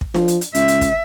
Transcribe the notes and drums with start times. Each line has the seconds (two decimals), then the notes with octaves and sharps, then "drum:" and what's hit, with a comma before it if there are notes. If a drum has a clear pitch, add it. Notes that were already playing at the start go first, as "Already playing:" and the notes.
0.01 drum: kick
0.14 F3, drum: snare D4
0.28 drum: hi-hat
0.41 drum: hi-hat
0.55 C#2 E5, drum: hi-hat
0.68 drum: hi-hat
0.81 drum: kick, hi-hat